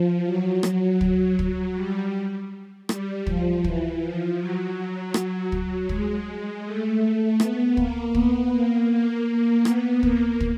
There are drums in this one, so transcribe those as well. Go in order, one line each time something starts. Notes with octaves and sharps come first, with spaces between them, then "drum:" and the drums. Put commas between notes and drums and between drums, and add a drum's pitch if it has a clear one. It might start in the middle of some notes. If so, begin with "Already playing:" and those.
Already playing: F3
F#3
F#3, drum: rim click
drum: kick
F#3, drum: kick
G3
G3, drum: rim click
F3, drum: kick
E3, drum: kick
F3
F#3
drum: rim click
F#3, drum: kick
G#3, drum: kick
A3
B3, drum: rim click
A#3, drum: kick
B3, drum: kick
A#3
A#3
A#3
B3, drum: rim click
A#3, drum: kick
drum: kick